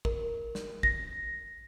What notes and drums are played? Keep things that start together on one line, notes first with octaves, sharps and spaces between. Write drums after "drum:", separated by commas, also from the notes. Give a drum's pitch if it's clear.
A#4, drum: kick
drum: snare
A#6, drum: kick